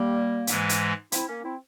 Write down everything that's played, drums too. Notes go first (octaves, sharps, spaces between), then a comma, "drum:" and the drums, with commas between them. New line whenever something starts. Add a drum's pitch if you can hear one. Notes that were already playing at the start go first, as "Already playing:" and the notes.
Already playing: G3 A#3
G#2 E3 G#3, drum: hi-hat
drum: hi-hat
C4 E4, drum: hi-hat
A#3 C#4
C4 E4